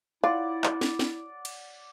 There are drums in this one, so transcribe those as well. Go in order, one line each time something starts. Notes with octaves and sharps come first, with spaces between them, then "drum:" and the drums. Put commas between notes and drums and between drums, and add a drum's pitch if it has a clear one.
E4 F4 D5 F#5
drum: clap
drum: snare
drum: snare
drum: cymbal